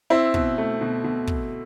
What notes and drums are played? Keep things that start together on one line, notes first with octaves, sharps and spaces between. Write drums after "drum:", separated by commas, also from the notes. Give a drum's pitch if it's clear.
C4 E4
B2, drum: kick
A3
B2
B2
drum: kick